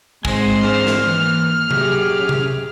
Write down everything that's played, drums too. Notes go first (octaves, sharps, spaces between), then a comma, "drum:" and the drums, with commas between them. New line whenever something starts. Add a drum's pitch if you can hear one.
G#2 G#3 C4 C5 G#5, drum: kick
D4 G#4 F6
drum: snare
E3 A#3
F#2 G4 G#4, drum: tom C3
drum: tom C3